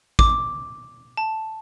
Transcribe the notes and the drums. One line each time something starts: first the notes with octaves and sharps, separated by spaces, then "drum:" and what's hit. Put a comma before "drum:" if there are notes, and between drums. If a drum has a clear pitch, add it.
D6, drum: kick
A5